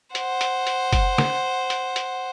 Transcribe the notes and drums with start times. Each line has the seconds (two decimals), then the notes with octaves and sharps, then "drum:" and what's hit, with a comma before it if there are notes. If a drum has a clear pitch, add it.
0.15 C5 F#5, drum: hi-hat
0.41 drum: hi-hat
0.67 drum: hi-hat
0.92 drum: kick F#1, hi-hat
1.18 drum: snare
1.70 drum: hi-hat
1.96 drum: hi-hat